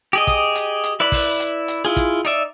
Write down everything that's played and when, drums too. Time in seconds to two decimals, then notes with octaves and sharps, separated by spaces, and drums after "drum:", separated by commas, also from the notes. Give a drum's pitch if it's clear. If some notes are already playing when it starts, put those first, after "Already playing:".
0.13 G4 G#4 D#5
0.27 drum: kick, hi-hat
0.55 drum: hi-hat
0.84 drum: hi-hat
1.00 E4 B4 D5 B5
1.12 drum: kick, open hi-hat
1.40 drum: hi-hat
1.68 drum: hi-hat
1.85 E4 F4 G#4
1.96 drum: kick, hi-hat
2.25 D#4 D5 E5, drum: hi-hat